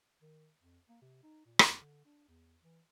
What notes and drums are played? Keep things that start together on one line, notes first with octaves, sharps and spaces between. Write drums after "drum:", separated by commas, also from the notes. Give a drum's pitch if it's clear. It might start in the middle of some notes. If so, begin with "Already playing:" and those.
D#3
F2
A#3
C3
D#4
A#2
F#2, drum: rim click
D3
D4
E2
E3